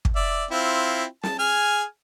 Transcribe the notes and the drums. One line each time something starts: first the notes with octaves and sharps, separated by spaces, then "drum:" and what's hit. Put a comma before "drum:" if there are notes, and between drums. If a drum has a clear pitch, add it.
drum: kick
D5 E5
C4 E4 F4
A5, drum: snare
G#4 G#5 F6